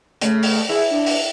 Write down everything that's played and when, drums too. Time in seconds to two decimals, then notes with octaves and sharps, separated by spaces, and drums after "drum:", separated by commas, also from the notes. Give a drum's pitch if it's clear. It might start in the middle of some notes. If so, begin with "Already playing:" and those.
0.21 C#3 A3, drum: hi-hat
0.43 drum: open hi-hat
0.69 E4 G#4
0.91 D4
1.06 drum: open hi-hat